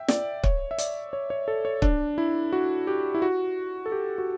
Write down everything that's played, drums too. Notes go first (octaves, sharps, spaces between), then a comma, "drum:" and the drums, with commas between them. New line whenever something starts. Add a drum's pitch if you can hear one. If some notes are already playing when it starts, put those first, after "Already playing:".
Already playing: E5 G5
D5, drum: snare
C#5, drum: kick
E5
D5, drum: hi-hat
C#5
C#5
A4
C#5
D4, drum: kick
E4
F#4
G4
E4
F#4
A4
G4
F#4